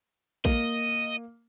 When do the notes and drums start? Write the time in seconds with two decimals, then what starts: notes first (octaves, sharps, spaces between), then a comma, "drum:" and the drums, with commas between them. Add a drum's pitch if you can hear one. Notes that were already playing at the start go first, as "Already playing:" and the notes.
0.45 A#3 D#5, drum: kick